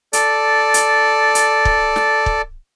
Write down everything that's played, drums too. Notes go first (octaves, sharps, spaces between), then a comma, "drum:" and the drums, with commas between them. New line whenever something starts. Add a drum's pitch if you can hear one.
A4 D5, drum: hi-hat
drum: hi-hat
drum: hi-hat
drum: kick
drum: snare
drum: kick